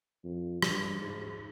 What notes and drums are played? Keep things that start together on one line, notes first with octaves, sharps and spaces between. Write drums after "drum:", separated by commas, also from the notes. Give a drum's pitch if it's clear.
F2
G2, drum: rim click
G#2